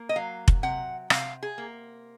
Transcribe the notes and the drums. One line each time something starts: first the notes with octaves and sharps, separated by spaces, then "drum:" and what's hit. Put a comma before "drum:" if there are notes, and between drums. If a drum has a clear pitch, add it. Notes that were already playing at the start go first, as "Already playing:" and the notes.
Already playing: A#3
D#5
F#3 F5
drum: kick F1
C3 F#5
C3 F5, drum: rim click
G#4
A#3